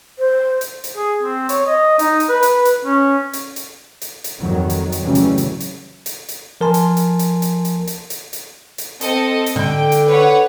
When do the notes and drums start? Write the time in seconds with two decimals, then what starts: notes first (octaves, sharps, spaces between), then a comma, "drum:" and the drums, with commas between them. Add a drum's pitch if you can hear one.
0.19 C5
0.61 drum: hi-hat
0.84 drum: hi-hat
0.97 G#4
1.23 C4
1.49 C#5, drum: hi-hat
1.67 D#5
1.99 D#4, drum: hi-hat
2.20 drum: hi-hat
2.29 B4
2.43 drum: hi-hat
2.65 drum: hi-hat
2.85 C#4
3.33 drum: hi-hat
3.56 drum: hi-hat
4.02 drum: hi-hat
4.24 drum: hi-hat
4.40 F2 D#3 F#3 G3
4.70 drum: hi-hat
4.92 drum: hi-hat
5.02 C#3 E3 F#3 G3 A3 C#4
5.15 drum: hi-hat
5.38 drum: hi-hat
5.60 drum: hi-hat
6.06 drum: hi-hat
6.29 drum: hi-hat
6.61 F3 A#4 G#5 A5 C6
6.74 drum: hi-hat
6.97 drum: hi-hat
7.19 drum: hi-hat
7.42 drum: hi-hat
7.65 drum: hi-hat
7.87 drum: hi-hat
8.10 drum: hi-hat
8.33 drum: hi-hat
8.78 drum: hi-hat
9.01 C4 A4 D#5, drum: hi-hat
9.46 drum: hi-hat
9.56 D3 G5
9.92 drum: hi-hat
10.08 B4 C#5 F#5